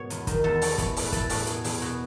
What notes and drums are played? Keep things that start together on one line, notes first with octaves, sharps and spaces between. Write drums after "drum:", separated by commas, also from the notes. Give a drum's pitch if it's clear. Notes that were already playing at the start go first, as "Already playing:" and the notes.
Already playing: G#2 B2 C#5
E2, drum: hi-hat
D#3, drum: kick, hi-hat
E2 A4
E2 C#5, drum: open hi-hat
D#5
E3 C#5, drum: kick, hi-hat
A2, drum: open hi-hat
B4
E3 A4, drum: kick, hi-hat
A2 F#4, drum: open hi-hat
B2 G#4, drum: hi-hat
E2 G#4, drum: open hi-hat
B2 F#4